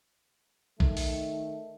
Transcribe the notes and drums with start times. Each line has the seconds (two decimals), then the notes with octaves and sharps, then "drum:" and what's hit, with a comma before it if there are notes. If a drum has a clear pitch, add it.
0.80 D#3 A3, drum: kick
0.97 drum: open hi-hat